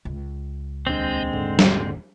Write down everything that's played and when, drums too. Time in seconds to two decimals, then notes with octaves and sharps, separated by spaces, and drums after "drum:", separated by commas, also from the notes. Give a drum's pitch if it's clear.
0.05 C#2
0.87 D#1 D#2 G#3 C4 D4 D#5 G6
1.33 G#2 D3
1.59 drum: snare